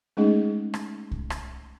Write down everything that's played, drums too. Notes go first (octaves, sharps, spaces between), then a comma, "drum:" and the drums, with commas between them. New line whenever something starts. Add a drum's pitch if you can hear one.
G#3 A3 C#4 D#4 G#4 D#5
drum: rim click
drum: kick C2
drum: rim click